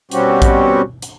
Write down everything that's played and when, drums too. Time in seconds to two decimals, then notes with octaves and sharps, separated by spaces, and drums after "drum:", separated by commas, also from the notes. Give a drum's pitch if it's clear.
0.11 B2 G3 C4 C#4 F#4 G4, drum: hi-hat
0.42 drum: kick A#1, hi-hat
1.02 drum: hi-hat